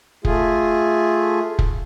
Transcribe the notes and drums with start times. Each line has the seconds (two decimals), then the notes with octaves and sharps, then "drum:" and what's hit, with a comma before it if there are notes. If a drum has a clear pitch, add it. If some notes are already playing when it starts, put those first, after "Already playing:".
0.25 A3 F4 G#4, drum: kick
1.59 drum: kick